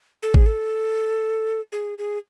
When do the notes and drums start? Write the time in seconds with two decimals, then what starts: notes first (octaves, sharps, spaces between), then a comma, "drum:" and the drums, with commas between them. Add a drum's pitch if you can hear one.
0.23 A4
0.34 G#4, drum: kick G#1
0.46 A4
1.72 G#4
1.98 G#4